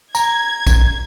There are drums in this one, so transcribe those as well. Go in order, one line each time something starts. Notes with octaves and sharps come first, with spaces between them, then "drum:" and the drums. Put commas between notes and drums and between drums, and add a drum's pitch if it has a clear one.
A#5 G#6, drum: tambourine
drum: kick A#1, tambourine